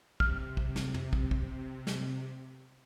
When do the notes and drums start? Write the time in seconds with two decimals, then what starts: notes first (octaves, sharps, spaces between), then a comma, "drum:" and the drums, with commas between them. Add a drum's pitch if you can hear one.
0.20 C3 F6, drum: kick
0.57 drum: kick
0.76 drum: snare
0.94 drum: tom
1.13 drum: kick
1.31 drum: kick
1.87 drum: snare